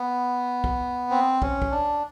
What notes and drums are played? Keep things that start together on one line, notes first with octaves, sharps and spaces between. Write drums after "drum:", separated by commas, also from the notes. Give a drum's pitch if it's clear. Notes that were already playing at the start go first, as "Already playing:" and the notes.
Already playing: B3
drum: kick
C4
C#4, drum: kick
drum: kick
D4